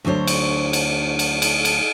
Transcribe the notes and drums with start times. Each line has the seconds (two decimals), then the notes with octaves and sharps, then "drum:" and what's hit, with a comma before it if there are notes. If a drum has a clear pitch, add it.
0.05 D2 F#3 D4 C5 C#5
0.27 drum: cymbal
0.73 drum: cymbal
1.19 drum: cymbal
1.42 drum: cymbal
1.65 drum: cymbal